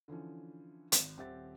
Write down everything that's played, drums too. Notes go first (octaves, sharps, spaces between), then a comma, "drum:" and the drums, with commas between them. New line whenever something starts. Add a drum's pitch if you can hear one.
D3 E3 F3 C#4
G#1, drum: hi-hat
D#1 C4 G4 E5 F#5 A6